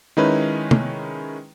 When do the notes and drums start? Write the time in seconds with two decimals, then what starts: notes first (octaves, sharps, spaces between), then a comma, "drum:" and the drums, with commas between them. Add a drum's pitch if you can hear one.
0.17 D#3 G#3 C#4 D#4 E4 B4
0.71 drum: tom